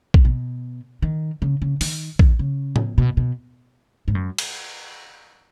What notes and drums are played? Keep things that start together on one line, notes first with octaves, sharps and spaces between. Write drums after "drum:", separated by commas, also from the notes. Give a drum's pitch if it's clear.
drum: kick
B2
D#3
C#3
C#3
D#3, drum: open hi-hat
D#3, drum: kick
C#3
drum: tom A2
B2
B2
G#2
F#2
drum: cymbal